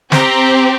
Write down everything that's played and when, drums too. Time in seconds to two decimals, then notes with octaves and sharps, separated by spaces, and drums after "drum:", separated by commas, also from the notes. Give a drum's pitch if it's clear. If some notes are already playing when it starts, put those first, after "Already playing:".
0.12 C4 G4 A#5, drum: snare